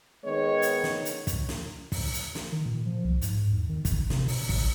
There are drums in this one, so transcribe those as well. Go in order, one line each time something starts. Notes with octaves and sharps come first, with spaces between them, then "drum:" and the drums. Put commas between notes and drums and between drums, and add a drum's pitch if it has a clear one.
D#3 G#3 B3 C#5 D#5
drum: hi-hat
drum: snare
drum: hi-hat
drum: kick, hi-hat
drum: snare
drum: kick, open hi-hat
drum: hi-hat
drum: snare
D#3
A#2
F3
C2
G#2, drum: hi-hat
E2
D#3
G#1, drum: kick, hi-hat
C3, drum: snare
B2, drum: open hi-hat
A1, drum: kick, open hi-hat